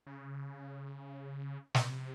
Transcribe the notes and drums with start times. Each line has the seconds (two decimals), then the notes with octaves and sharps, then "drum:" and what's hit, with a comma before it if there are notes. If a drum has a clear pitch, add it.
0.07 C#3
1.75 C3, drum: snare